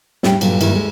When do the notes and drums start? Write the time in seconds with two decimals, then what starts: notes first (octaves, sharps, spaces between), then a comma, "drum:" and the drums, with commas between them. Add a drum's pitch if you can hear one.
0.23 E2 A2 G3 C#4 D4 G5, drum: snare
0.41 G2 A#2 D3 F#3, drum: cymbal
0.61 G2 D#3 E3 G#3 A#3 E4, drum: cymbal
0.73 D2 G#3